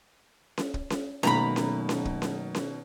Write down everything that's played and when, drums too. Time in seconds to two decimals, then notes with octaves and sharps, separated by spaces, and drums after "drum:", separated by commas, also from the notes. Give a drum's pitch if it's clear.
0.58 drum: snare C#4
0.74 drum: kick
0.90 drum: snare C#4
1.23 F#2 B2 D#3 A3 A#3 A#5 B5, drum: snare C#4
1.56 drum: snare C#4
1.89 drum: snare C#4
2.05 drum: kick
2.22 drum: snare C#4
2.55 drum: snare C#4